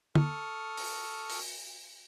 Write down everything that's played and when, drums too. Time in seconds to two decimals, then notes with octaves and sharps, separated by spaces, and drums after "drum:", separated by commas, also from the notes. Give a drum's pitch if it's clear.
0.15 A4 C#6 D#6 F6, drum: tom
0.77 drum: open hi-hat
1.30 drum: open hi-hat